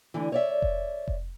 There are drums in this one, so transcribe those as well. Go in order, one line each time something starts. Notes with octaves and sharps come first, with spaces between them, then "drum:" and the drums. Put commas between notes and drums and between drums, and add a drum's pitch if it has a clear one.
D2 D3 E3
C#5 D5 E5
drum: kick F1
drum: kick F1